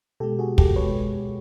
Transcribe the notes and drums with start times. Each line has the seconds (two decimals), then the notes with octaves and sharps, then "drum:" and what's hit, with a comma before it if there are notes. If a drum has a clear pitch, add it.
0.20 B2 G#3 G4 A4
0.39 F#4 G#4
0.58 G4 A4, drum: kick
0.76 B2 G#3 B4 C#5